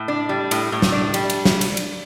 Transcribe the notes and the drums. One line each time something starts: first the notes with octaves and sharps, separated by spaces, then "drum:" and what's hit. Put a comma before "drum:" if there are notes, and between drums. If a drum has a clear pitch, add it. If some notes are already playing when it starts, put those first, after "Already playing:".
Already playing: A2
D4
G3
A2, drum: cymbal
A2
drum: snare
D4
G3, drum: cymbal
drum: cymbal
drum: snare
drum: cymbal
drum: cymbal